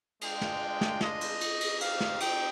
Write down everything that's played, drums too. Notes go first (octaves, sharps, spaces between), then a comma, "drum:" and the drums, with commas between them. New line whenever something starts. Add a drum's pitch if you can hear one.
G#3 D4 F4 G5, drum: cymbal
drum: snare
drum: snare
D#5, drum: snare
drum: cymbal
drum: cymbal
drum: cymbal
C4 D#4 G4 F5, drum: cymbal
drum: snare
G5, drum: cymbal